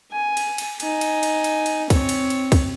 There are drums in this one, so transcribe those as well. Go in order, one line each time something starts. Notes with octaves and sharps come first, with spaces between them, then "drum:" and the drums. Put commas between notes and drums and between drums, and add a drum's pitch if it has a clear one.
G#5
drum: cymbal
drum: cymbal
D#4 G#5, drum: cymbal
drum: cymbal
drum: cymbal
drum: cymbal
drum: cymbal
C4 C#5, drum: kick, cymbal
drum: cymbal
drum: cymbal
drum: kick, cymbal